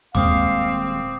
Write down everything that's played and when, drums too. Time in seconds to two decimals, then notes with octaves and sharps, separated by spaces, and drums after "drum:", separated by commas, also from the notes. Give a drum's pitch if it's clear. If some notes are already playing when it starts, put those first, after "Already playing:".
0.15 D#1 G#3 A#3 C4 F5 D6 D#6, drum: tom